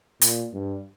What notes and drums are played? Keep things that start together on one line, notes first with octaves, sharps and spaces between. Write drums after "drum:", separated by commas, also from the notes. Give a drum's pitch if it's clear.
A#2, drum: hi-hat
G2